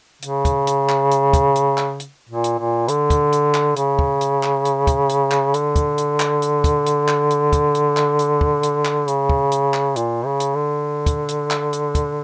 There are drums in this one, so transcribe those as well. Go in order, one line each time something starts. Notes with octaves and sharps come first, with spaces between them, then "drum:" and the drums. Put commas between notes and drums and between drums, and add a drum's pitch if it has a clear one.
C#3, drum: hi-hat
drum: kick, hi-hat
drum: hi-hat
drum: clap
drum: hi-hat
drum: kick, hi-hat
drum: hi-hat
drum: clap
drum: hi-hat
A#2
drum: hi-hat
A#2
D3, drum: hi-hat
drum: kick, hi-hat
drum: hi-hat
drum: clap
C#3, drum: hi-hat
drum: kick
drum: hi-hat
drum: clap
drum: hi-hat
drum: kick, hi-hat
drum: hi-hat
drum: clap
D3, drum: hi-hat
drum: kick, hi-hat
drum: hi-hat
drum: clap
drum: hi-hat
drum: kick, hi-hat
drum: hi-hat
drum: clap
drum: hi-hat
drum: kick, hi-hat
drum: hi-hat
drum: clap
drum: hi-hat
drum: kick
drum: hi-hat
drum: clap
C#3, drum: hi-hat
drum: kick
drum: hi-hat
drum: clap
A#2, drum: hi-hat
C#3
drum: hi-hat
D3
drum: kick, hi-hat
drum: hi-hat
drum: clap
drum: hi-hat
drum: kick, hi-hat